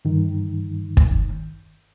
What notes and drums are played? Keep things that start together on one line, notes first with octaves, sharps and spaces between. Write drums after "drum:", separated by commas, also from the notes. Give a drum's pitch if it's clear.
G2 D#3
drum: kick